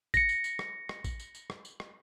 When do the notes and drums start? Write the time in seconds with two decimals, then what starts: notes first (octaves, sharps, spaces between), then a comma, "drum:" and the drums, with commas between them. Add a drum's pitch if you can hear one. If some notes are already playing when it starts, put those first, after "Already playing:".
0.14 A#6 C#7, drum: kick A1, tambourine
0.29 drum: tambourine
0.44 drum: tambourine
0.59 drum: rim click
0.89 drum: rim click
1.04 drum: kick A1, tambourine
1.20 drum: tambourine
1.35 drum: tambourine
1.50 drum: rim click
1.65 drum: tambourine
1.80 drum: rim click